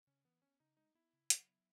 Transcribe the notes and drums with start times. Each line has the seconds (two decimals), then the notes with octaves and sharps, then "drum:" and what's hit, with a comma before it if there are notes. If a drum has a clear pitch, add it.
0.07 C#3 C#4
0.25 E3 B3
0.42 B3 C#4
0.60 C#3 D#4
0.77 G#3 D#4
0.95 B3 E4
1.13 C#3
1.30 F#3, drum: hi-hat
1.48 B3